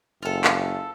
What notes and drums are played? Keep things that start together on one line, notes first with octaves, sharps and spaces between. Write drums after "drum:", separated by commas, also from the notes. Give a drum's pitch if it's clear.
F#1 F4 A4
drum: clap